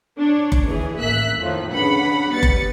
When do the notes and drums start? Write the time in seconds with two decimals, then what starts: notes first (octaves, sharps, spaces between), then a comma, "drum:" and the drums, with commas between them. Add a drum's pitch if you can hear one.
0.20 D4 C#5
0.52 drum: kick F#1
0.66 D#2 E3 G#4
1.00 A1 A#3 E5 F#6 B6
1.38 F2 A2 D#3 F3
1.72 C#3 D4 B4 F#5 B5
2.31 G3 B3 B4 A6 C#7
2.43 drum: kick F#1